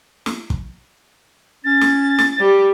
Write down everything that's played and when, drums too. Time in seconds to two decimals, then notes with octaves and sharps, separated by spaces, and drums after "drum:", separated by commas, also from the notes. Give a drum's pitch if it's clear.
0.26 drum: snare
0.50 drum: kick
1.64 C#4 A6
1.81 drum: snare
2.19 drum: snare
2.39 G3